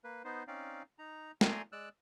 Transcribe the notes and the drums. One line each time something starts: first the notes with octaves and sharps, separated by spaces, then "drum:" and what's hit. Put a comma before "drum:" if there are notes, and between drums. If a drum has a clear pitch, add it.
A#3 B4
B3 D#4 C5
C4 C#4 D#4 D5 F5
D#4 A#5
A3 D5 G#5 A#5 C6, drum: snare
G#3 D5 E6 F#6